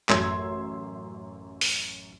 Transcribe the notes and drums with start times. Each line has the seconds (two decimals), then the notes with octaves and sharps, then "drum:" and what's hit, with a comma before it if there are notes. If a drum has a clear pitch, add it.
0.09 A1 F#2 E5 C6 E6 G#6, drum: clap
1.61 drum: open hi-hat